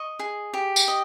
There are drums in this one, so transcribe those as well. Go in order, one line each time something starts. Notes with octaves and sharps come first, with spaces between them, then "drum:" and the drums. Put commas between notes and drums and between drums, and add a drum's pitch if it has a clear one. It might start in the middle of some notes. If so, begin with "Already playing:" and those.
Already playing: D#5 C#6
G#4
G4
drum: tambourine
D#5